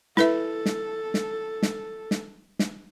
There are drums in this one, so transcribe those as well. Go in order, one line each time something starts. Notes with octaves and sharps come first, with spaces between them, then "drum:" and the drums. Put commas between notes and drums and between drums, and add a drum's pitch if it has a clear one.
E4 A4 B4 E5, drum: snare
drum: snare
drum: snare
drum: snare
drum: snare
drum: snare